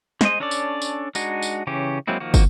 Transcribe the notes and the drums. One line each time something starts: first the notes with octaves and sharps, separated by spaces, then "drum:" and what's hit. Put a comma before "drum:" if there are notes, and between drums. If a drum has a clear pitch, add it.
G#3 C5 D#5, drum: snare
C#4 D4 A4 C#5 D5
drum: tambourine
drum: tambourine
G#3 D4 D#4 F#4, drum: tambourine
drum: tambourine
C#3 E3 C#4 G4
F#3 G#3 A#3 C4 E4
D#3 F3 A#3 F#4
drum: kick, tambourine